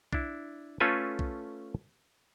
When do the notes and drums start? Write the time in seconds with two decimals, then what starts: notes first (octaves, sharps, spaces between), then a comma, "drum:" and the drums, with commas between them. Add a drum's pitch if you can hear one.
0.13 D4 E4, drum: kick
0.80 A3 C#4 F4 A4 B4 G#5
1.19 drum: kick